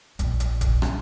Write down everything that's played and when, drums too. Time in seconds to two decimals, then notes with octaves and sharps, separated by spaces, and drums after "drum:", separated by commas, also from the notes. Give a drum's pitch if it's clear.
0.19 A#1 C4, drum: hi-hat
0.40 drum: hi-hat
0.61 drum: kick, hi-hat
0.82 drum: rim click